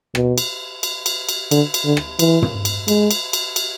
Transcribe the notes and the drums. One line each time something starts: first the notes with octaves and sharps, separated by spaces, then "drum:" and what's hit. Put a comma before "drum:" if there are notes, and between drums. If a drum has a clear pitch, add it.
B2, drum: rim click
drum: cymbal
drum: cymbal
drum: cymbal
drum: cymbal
D3, drum: cymbal
drum: cymbal
D3
drum: rim click
E3, drum: cymbal
drum: tom
drum: cymbal
G#3, drum: cymbal
drum: cymbal
drum: cymbal
drum: cymbal